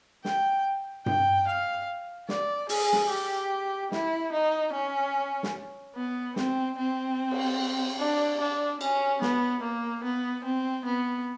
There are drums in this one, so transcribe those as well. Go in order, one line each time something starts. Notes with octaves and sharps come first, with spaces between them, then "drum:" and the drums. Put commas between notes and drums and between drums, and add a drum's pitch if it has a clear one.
G5, drum: snare
G5, drum: tom G2
F5
D5, drum: snare
G#4, drum: open hi-hat
drum: snare
G4
E4, drum: snare
D#4
C#4
drum: snare
B3
C4, drum: snare
C4
drum: cymbal
D4
D4
C#4, drum: cymbal
B3, drum: snare
A#3
B3
C4
B3